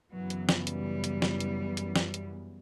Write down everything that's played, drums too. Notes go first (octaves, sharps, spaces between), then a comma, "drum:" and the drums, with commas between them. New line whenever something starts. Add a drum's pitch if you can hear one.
F#2 C#3 E3 F#3 B3
drum: hi-hat
drum: snare
G3, drum: hi-hat
drum: hi-hat
drum: snare
drum: hi-hat
drum: hi-hat
drum: snare
drum: hi-hat